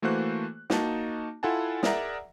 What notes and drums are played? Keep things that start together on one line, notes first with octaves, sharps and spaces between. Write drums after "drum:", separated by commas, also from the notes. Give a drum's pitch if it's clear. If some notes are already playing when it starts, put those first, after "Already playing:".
E3 A3 A#3 F#4 C5 F#6
A#3 D#4 F#4 A5, drum: snare
E4 F4 A4 F#5 G#5 A5
G#4 A#4 D5 E5 F#5 A#5, drum: snare